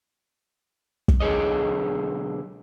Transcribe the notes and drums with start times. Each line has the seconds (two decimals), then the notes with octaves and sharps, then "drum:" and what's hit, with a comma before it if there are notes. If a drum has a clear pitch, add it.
1.08 drum: kick
1.20 B1 D3 G#4 C#5 D#5